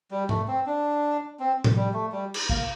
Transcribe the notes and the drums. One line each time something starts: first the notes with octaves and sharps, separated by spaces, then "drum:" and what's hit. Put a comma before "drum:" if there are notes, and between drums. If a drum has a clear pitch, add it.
G3
A3, drum: tom G#2
C4
D4
C4
drum: tom A2
G3
A3
G3
drum: cymbal
A#3, drum: kick